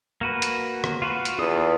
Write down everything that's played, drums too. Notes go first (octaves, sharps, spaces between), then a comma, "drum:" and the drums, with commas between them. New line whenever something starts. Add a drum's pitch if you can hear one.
A#3 F#4 B4
drum: hi-hat
drum: rim click
F4 F#4 B4
drum: hi-hat
E2 F4 A4 D#6